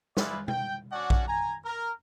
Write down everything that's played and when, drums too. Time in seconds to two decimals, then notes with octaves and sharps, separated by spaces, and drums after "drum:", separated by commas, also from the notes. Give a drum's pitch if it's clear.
0.17 G#3 E4 F4 B4 D5, drum: snare
0.48 G5, drum: tom B2
0.92 C#4 D4 F#4 D5 F#5
1.10 drum: kick A#1
1.28 G#5 A#5
1.65 A#4